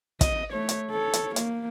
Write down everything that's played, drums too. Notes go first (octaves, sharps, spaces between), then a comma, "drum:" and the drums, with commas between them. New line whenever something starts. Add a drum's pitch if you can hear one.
D#5, drum: kick, hi-hat
A3 C#5
drum: hi-hat
A4 C#5
drum: hi-hat
A#3, drum: hi-hat